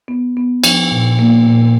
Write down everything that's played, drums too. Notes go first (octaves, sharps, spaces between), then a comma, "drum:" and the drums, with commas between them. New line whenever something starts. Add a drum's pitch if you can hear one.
B3
B3
F3, drum: cymbal
A#2
A#3
A#2